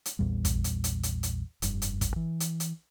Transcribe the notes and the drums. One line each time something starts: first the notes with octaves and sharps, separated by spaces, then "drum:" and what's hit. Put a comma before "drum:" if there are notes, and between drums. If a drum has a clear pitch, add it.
drum: hi-hat
A#1 E2 A#2 G3
drum: kick, hi-hat
drum: hi-hat
drum: hi-hat
drum: hi-hat
drum: hi-hat
F1 G2, drum: hi-hat
drum: hi-hat
drum: kick, hi-hat
E3
drum: hi-hat
drum: hi-hat